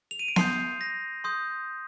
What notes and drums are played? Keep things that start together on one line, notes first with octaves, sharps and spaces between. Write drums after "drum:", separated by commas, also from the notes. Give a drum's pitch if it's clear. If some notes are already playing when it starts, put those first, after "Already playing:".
F7
D#7
D7
C6 D#6 G6 C7, drum: snare B3
A#6
C6 D#6 G6